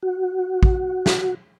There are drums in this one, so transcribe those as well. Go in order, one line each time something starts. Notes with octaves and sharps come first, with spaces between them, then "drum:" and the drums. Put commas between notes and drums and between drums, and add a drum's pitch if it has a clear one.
F#4
drum: kick
drum: snare